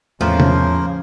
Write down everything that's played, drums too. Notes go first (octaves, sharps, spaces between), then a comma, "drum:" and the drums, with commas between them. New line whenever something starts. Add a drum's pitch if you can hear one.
E2 A2 C#3 F3 A3 A#3 A#4 C5
drum: tom